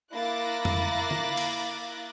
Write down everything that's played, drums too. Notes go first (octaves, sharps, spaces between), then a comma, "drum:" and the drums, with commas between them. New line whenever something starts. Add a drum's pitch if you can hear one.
A#3 E4 D6 F#6 A6 A#6
drum: tom F2
drum: tom D3
drum: cymbal